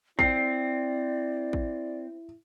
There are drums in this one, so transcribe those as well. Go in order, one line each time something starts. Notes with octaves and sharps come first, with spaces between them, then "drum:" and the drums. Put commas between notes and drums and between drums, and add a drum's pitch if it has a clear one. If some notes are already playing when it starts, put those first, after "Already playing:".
C4 E4 D5 C7, drum: kick
drum: kick